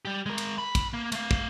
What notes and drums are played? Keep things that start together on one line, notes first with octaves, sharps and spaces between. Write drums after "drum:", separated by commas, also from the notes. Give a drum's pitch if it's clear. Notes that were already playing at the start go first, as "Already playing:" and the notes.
G3 G4
G#3 A#4
drum: cymbal
B5
drum: kick, cymbal
A#3
A3 F5, drum: cymbal
drum: kick